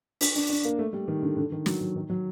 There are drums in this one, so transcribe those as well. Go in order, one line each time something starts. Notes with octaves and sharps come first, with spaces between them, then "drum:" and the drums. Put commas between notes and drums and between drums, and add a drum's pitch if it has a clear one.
D4, drum: open hi-hat
D4
D4
A#3
A3
G3
D#3
D3
D3
D#3
F#3, drum: snare
F#3
D#3
F#3